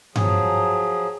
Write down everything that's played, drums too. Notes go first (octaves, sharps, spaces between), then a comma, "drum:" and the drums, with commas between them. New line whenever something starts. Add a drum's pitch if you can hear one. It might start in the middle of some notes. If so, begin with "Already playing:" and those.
F3 F#3 G#4, drum: tom G2